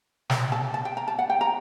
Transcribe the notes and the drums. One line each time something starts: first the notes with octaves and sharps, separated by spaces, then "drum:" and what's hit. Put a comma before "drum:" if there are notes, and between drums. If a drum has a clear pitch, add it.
G5, drum: snare
A5
A5
G5
A#5
A5
F#5
G5
A#5